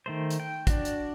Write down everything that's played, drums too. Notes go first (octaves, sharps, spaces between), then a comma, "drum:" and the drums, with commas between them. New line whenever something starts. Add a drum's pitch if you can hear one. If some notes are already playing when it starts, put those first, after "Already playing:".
D#3 A3 C5
drum: hi-hat
G5
D4 F#4, drum: kick, hi-hat
drum: hi-hat